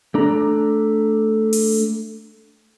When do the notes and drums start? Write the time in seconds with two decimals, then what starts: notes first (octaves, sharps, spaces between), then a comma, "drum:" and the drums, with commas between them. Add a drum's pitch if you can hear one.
0.14 A3 D4 A#5
1.53 drum: open hi-hat